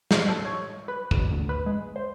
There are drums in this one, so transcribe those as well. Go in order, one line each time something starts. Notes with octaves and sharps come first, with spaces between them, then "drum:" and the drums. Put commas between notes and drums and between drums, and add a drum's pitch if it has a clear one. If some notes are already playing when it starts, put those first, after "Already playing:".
C7, drum: snare
A4
C#5
B4
D#2, drum: kick
D2
B4
G#3
C5